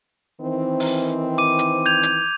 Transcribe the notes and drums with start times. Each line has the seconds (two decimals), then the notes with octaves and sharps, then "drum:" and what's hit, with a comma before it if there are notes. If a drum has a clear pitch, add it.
0.41 D#3 E3 C4
0.80 drum: open hi-hat
1.38 D6 D#7
1.59 drum: hi-hat
1.86 G6 G#6 F7
2.03 drum: hi-hat